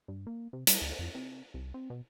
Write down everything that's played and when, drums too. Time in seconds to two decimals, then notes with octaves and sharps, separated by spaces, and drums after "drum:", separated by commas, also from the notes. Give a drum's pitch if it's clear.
0.08 G2
0.27 A#3
0.53 C3
0.67 G3, drum: hi-hat
0.82 D2
0.99 F2
1.15 C3
1.54 C2
1.74 C4
1.90 B2